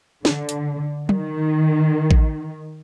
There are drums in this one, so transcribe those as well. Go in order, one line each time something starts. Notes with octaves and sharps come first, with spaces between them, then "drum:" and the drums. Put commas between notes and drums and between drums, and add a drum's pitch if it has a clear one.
D3, drum: snare
drum: hi-hat
D#3, drum: tom F#3
drum: kick A1